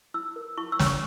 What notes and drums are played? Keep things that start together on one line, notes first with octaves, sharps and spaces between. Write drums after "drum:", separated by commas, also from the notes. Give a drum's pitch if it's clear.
E4 E6
A#4
E4 C#6
E6
C#5, drum: snare
C#6